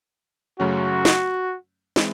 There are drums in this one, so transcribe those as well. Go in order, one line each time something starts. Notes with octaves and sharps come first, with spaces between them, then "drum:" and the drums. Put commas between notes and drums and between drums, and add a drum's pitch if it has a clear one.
F#2 C#3 F#3 A3 C#4 F#4
drum: snare
E3 G#3 C4 E4, drum: snare